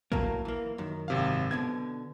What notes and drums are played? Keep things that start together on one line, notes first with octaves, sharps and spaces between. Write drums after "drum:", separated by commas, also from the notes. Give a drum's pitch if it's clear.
A2 F#3 A#3, drum: kick
E3 A#3
F#2 D#3
G#1 C3 F5
B2 D3 B3 G#6